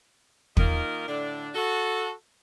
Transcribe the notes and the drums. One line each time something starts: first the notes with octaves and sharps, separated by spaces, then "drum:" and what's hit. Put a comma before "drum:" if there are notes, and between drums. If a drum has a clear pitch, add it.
D#3 A#3 D#4 F4 A#4, drum: kick
A2 D3 D4
F#4 A4